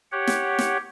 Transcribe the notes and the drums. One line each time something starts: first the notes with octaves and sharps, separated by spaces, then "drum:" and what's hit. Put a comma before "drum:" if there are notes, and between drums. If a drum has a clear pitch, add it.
G4 C#5 F#5
drum: snare
drum: snare